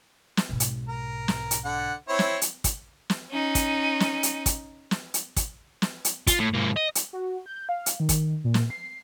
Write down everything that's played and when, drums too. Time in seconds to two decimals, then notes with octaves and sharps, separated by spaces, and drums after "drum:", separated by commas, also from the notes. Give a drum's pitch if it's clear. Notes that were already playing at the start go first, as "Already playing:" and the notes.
0.37 drum: snare
0.49 B1 G#2
0.60 drum: hi-hat
0.89 A#4
1.28 drum: snare
1.51 drum: hi-hat
1.65 D3 F#5
2.09 C4 E4 C#5
2.19 drum: snare
2.42 drum: hi-hat
2.64 drum: kick, hi-hat
3.10 drum: snare
3.31 C#4 D#4
3.55 drum: kick, hi-hat
4.00 drum: snare
4.23 drum: hi-hat
4.46 drum: kick, hi-hat
4.91 drum: snare
5.14 drum: hi-hat
5.36 drum: kick, hi-hat
5.82 drum: snare
6.05 drum: hi-hat
6.27 F4, drum: kick, hi-hat
6.39 A2
6.54 G#2 A#3
6.76 D#5
6.95 drum: hi-hat
7.13 F#4
7.46 G6
7.69 F5
7.86 drum: hi-hat
8.00 D#3
8.09 drum: kick, hi-hat
8.44 A#2
8.54 drum: snare
8.70 C7